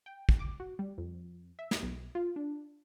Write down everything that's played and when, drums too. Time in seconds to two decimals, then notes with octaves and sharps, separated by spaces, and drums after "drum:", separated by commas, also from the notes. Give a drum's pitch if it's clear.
0.06 G5
0.29 drum: kick
0.39 D6
0.60 F#4
0.79 G3
0.98 F2
1.59 E5
1.71 drum: snare
1.83 B1
2.15 F4
2.36 D4